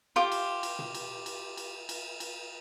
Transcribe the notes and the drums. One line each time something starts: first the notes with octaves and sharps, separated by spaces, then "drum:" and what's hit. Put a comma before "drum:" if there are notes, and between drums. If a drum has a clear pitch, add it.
F4 G4 D6
drum: cymbal
drum: cymbal
drum: tom
drum: cymbal
drum: cymbal
drum: cymbal
drum: cymbal
drum: cymbal